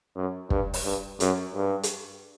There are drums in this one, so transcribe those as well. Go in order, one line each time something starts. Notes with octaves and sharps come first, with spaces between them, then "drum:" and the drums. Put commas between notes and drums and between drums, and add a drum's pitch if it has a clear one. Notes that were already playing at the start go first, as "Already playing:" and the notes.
F#2
G2, drum: kick
drum: open hi-hat
G2
F#2, drum: hi-hat
G2
drum: hi-hat